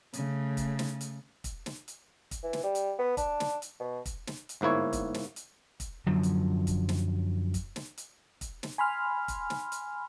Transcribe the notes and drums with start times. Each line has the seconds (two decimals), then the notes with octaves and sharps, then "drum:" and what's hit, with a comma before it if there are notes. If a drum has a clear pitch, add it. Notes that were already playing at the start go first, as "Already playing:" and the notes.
0.13 C#3 A3, drum: hi-hat
0.57 drum: kick, hi-hat
0.79 drum: snare
1.01 drum: hi-hat
1.44 drum: kick, hi-hat
1.66 drum: snare
1.88 drum: hi-hat
2.31 drum: kick, hi-hat
2.43 E3
2.53 drum: snare
2.64 G3
2.75 drum: hi-hat
2.99 B3
3.17 D4, drum: kick, hi-hat
3.40 drum: snare
3.62 drum: hi-hat
3.79 B2
4.06 drum: kick, hi-hat
4.27 drum: snare
4.49 drum: hi-hat
4.61 G1 G#2 A#3 E4 C#5
4.93 drum: kick, hi-hat
5.14 drum: snare
5.36 drum: hi-hat
5.80 drum: kick, hi-hat
6.07 F#2 D3 F3 F#3
6.23 drum: hi-hat
6.67 drum: kick, hi-hat
6.89 drum: snare
7.54 drum: kick, hi-hat
7.76 drum: snare
7.98 drum: hi-hat
8.41 drum: kick, hi-hat
8.63 drum: snare
8.78 G#5 B5 C6 F6
9.28 drum: kick, hi-hat
9.50 drum: snare
9.72 drum: hi-hat